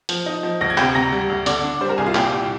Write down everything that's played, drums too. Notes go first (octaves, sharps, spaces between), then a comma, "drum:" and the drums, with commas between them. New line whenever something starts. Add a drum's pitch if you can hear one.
F3, drum: hi-hat
D#4
F3
D2 A#6
G#6
C3 G5 G6, drum: clap
D2 A#5 A#6
G3
D2
D3 D5 D6, drum: hi-hat
D4
G3 C5 C6
A#4 A#5
C2 G#4 G#5
F4 F5
A#2 G4 G5, drum: clap
C2